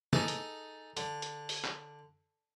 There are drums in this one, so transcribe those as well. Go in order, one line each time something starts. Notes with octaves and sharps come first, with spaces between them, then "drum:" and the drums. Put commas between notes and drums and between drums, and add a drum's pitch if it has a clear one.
D#4 G#4 A4, drum: snare
drum: hi-hat
D3, drum: hi-hat
drum: hi-hat
drum: open hi-hat
drum: clap